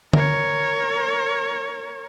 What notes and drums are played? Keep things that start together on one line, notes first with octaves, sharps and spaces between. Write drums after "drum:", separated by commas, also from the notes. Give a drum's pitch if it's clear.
A#4 C#5, drum: tom D3